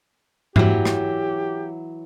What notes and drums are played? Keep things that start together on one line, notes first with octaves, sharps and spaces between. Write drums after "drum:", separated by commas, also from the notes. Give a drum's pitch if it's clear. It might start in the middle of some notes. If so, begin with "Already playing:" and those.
E3 F#3 G4, drum: tom G#2
drum: rim click